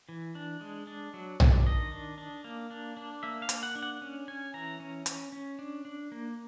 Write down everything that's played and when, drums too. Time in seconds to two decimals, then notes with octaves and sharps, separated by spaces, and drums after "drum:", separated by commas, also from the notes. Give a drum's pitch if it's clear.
0.09 E3
0.35 D4
0.61 G#3
0.87 D4
1.14 F#3
1.40 D4, drum: tom B1
1.66 D#3 D#5
1.92 D4
2.18 D4
2.44 A#3
2.71 D4
2.97 D4
3.23 A#3 E5
3.42 F5
3.49 A#3, drum: hi-hat
3.63 F#5
3.75 D4
3.83 F#5
4.02 C#4
4.28 C#4 G#5
4.54 E3 A#5
4.80 C#4
5.06 C#4, drum: hi-hat
5.32 C#4
5.59 D4
5.85 D4
6.12 A#3